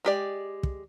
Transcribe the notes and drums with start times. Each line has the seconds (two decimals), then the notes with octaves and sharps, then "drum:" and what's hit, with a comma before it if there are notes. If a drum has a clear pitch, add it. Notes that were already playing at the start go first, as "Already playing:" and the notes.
0.05 G#3 G4 D5
0.63 drum: kick